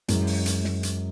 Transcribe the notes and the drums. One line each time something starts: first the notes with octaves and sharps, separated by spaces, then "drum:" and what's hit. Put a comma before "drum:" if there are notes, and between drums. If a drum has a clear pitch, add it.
F#2 E3 G#3, drum: hi-hat
drum: open hi-hat
drum: hi-hat
drum: snare
drum: hi-hat